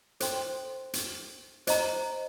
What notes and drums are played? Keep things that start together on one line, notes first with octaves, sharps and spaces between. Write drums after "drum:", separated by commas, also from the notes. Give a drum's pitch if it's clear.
A4 C5 G5 C6, drum: hi-hat
drum: hi-hat
C5 D#5 A#5, drum: hi-hat